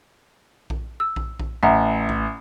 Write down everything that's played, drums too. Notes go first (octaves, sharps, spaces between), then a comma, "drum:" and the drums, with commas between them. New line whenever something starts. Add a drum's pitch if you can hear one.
drum: kick A#1
E6
drum: kick A#1
drum: kick A#1
A1 E5 F#5 A#5
drum: kick A#1